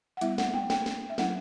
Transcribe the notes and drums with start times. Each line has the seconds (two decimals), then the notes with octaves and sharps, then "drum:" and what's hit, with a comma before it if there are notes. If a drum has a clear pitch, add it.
0.17 F#5
0.21 G3 B3 E4 E5, drum: hi-hat
0.38 F#5, drum: snare
0.54 G5, drum: tom F#3
0.70 G5, drum: snare
0.86 drum: snare
1.10 E5
1.18 F#3 C#4 E4 F#5, drum: snare